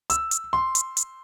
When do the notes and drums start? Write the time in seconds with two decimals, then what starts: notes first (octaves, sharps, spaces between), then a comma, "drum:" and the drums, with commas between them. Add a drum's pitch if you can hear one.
0.10 E6, drum: hi-hat
0.31 drum: hi-hat
0.53 C6
0.75 drum: hi-hat
0.97 drum: hi-hat